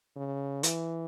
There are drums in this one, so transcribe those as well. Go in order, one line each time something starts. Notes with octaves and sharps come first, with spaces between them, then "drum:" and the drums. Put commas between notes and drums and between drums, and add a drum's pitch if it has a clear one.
C#3
E3, drum: hi-hat